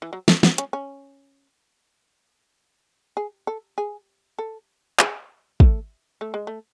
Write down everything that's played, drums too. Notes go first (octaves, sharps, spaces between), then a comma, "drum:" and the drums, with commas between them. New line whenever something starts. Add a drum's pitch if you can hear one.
E3
F#3
A3, drum: snare
B3, drum: snare
C#4, drum: hi-hat
C#4
G#4
A4
G#4
A4
G#4, drum: clap
A3, drum: kick
A3
G#3
A3